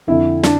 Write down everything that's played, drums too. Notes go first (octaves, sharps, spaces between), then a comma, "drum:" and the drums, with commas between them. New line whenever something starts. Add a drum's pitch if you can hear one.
F2 D3 E4
D4, drum: snare